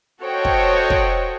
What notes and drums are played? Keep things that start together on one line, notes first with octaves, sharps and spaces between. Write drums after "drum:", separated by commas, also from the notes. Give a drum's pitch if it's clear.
F#4 A4 C5 C#5 D#5 G5
drum: kick
drum: kick